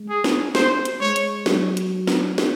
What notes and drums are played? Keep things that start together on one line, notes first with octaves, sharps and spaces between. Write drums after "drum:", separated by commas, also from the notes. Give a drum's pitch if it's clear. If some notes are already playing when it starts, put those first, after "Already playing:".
Already playing: G#3
G#4
drum: snare
C5, drum: snare
drum: hi-hat
G#3 C#5
drum: hi-hat
F#3, drum: snare
drum: hi-hat
drum: snare
drum: snare